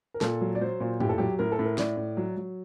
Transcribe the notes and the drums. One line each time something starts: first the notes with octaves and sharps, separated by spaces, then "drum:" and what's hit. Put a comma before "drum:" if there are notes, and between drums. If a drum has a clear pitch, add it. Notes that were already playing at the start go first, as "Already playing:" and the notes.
A#4
A#2 A4, drum: snare
F#3
D5
F#3 C5
A#2
A2 G4, drum: tom
A4
F#3 G4
A2 A#4
A4
A2
A#4
A2 D5, drum: snare
A2
F#3
F#3